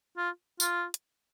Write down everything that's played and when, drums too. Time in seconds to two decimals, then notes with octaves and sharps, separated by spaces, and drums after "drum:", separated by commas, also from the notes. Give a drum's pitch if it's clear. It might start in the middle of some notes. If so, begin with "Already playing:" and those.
0.17 F4
0.60 F4, drum: tambourine
0.94 drum: hi-hat